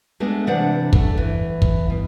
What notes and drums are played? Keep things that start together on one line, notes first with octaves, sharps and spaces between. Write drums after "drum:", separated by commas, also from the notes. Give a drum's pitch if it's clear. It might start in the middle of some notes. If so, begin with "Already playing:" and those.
G#3 A3 B3 D4
C3 E3 D4 D5 F#5
A3, drum: kick
E3
drum: kick
B2